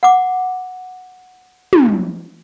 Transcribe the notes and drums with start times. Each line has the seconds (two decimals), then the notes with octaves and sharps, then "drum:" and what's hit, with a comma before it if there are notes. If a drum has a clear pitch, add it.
0.03 F#5 D6
1.73 drum: tom